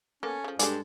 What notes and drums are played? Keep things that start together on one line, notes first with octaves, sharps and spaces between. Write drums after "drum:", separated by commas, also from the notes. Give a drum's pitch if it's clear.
A#3 B3 C#4 A4
C#3 F3
G2 G#3 D4 G#4 A4 D5, drum: hi-hat